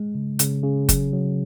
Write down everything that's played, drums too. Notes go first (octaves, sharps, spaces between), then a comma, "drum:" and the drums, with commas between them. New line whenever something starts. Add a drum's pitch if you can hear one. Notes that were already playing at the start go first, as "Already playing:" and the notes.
Already playing: G#3
C#3
C#3, drum: hi-hat
C#3
F#3, drum: kick, hi-hat
F#3